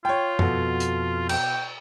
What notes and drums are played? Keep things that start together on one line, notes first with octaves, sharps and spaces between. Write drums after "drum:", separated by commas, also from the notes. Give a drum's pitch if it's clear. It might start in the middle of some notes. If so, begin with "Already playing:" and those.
F4 C#5 G5
F2 B2 F#4 A4, drum: tom F#2
drum: hi-hat
G5, drum: cymbal